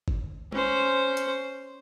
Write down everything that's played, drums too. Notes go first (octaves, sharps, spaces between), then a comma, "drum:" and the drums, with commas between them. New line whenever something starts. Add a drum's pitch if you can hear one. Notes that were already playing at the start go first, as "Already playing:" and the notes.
drum: kick G1
C#4 C5, drum: tom
drum: hi-hat